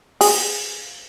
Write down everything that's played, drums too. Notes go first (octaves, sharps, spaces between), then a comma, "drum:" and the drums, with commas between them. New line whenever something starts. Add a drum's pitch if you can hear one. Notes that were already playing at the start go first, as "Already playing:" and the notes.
G#4, drum: open hi-hat